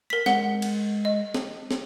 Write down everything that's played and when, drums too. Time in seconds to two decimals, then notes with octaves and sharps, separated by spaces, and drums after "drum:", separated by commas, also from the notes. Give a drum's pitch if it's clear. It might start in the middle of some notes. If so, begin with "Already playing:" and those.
0.10 A#4 B6
0.26 G#3 F#5 G7, drum: snare
0.62 drum: cymbal
1.05 D#5
1.35 drum: snare
1.71 drum: snare